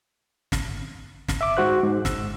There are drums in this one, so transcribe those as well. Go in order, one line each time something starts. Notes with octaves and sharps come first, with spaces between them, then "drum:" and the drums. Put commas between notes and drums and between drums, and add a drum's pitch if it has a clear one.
drum: snare
drum: snare
E5 D6
G#2 F#4 C5 F#6
G#2
E6, drum: snare